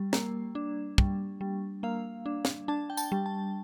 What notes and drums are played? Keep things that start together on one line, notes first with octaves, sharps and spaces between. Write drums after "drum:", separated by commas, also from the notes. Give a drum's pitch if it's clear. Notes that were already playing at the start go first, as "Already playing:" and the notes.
Already playing: G3
A#3, drum: snare
D4
G3, drum: kick
G3
A#3 F5
D4
drum: snare
D4 A5
G5
A5, drum: tambourine
G3
A5